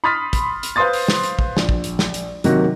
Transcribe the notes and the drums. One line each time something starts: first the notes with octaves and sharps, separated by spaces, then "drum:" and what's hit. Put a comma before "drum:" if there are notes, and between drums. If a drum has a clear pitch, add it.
B5 C6 D#6 F6 A6 B6
drum: kick, hi-hat
drum: hi-hat
B4 C5 F5 C6 D#6 A6
drum: open hi-hat
drum: snare
drum: hi-hat
drum: kick
A#1, drum: snare
drum: kick
drum: hi-hat
drum: snare
drum: hi-hat
C3 D#3 F#3 A#3 F#4, drum: hi-hat